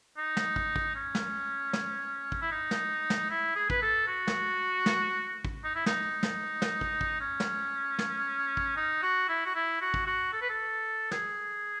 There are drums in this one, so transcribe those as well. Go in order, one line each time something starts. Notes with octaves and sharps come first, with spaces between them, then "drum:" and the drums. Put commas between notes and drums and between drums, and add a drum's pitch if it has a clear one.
D#4
drum: snare
drum: kick
drum: kick
C#4
drum: snare
drum: snare
drum: kick
E4
D#4
drum: snare
drum: snare
E4
G#4
B4, drum: kick
A4
F#4
drum: snare
drum: snare
drum: kick
D#4
E4
D#4, drum: snare
drum: snare
drum: snare
drum: kick
drum: kick
C#4
drum: snare
drum: snare
drum: kick
D#4
F#4
E4
F#4
E4
F#4
drum: kick
F#4
A4
B4
A4
G#4, drum: snare